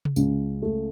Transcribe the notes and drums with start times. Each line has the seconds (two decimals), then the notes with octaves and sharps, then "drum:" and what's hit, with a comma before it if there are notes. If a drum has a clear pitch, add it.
0.05 drum: tom C3
0.16 C#2, drum: tambourine
0.62 A3